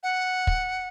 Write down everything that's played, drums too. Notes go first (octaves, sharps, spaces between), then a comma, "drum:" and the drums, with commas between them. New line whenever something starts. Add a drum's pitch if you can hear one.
F#5
drum: kick